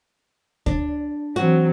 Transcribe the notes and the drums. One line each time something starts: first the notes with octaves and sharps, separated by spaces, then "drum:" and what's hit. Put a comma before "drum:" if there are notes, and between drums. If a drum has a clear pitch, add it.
D4, drum: kick
E3 F#3 C4 F#4